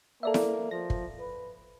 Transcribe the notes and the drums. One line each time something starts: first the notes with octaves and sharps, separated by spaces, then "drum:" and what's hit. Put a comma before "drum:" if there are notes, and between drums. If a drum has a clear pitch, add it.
A#3 A4 D5 E5
drum: snare E4
F3 A#6
drum: kick
B4